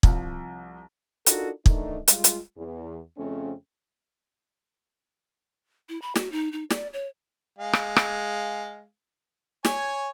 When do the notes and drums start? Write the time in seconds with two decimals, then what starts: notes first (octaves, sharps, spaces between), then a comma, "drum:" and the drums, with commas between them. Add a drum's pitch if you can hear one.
0.03 C2 F3, drum: kick
1.26 D4 D#4 F4 F#4 A4 A#4, drum: hi-hat
1.66 D#3 E3 A3 D4 D#4, drum: kick
2.08 G3 G#3 F4, drum: hi-hat
2.24 drum: hi-hat
2.57 E2
3.17 F2 C#3 A3 C4 C#4
5.89 E4
6.02 B5
6.15 F#4, drum: snare
6.32 D#4
6.53 D#4
6.70 D5, drum: snare
6.93 C#5
7.59 G#3 F5
7.73 drum: rim click
7.96 drum: rim click
9.65 C#5 G#5, drum: snare